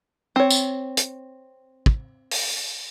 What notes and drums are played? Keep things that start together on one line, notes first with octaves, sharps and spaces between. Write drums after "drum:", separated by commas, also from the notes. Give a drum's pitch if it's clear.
C4 C#5
drum: tambourine
drum: hi-hat
drum: kick
drum: open hi-hat